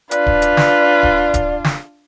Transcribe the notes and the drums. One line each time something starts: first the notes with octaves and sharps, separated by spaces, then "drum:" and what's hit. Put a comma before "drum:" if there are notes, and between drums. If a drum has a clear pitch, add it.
D4 F4 B4 D5, drum: hi-hat
drum: kick D1
drum: hi-hat
drum: snare
drum: kick D1
drum: kick D1, hi-hat
drum: snare